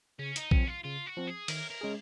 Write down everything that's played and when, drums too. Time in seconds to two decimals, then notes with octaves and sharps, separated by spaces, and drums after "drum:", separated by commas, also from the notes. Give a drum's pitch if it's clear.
0.19 C#3 C#4
0.36 D#4, drum: hi-hat
0.51 F3 C4 C#4, drum: kick A#1
0.67 F4
0.84 C#3 F4
1.06 F#4
1.17 F3 C4
1.27 G#4
1.48 D#3 A#4, drum: cymbal
1.70 A#4
1.81 G#3 C#4 G#4